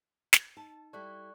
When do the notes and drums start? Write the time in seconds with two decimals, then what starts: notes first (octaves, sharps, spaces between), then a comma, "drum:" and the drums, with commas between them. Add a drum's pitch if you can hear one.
0.33 drum: snare
0.57 D#4 A5
0.93 G3 E4 A4 D5 C#6 F#6